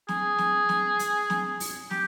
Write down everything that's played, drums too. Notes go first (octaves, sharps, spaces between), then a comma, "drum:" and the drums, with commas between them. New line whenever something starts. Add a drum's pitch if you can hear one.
G#4, drum: snare
drum: snare
drum: snare
drum: hi-hat
drum: snare
drum: open hi-hat
G4, drum: snare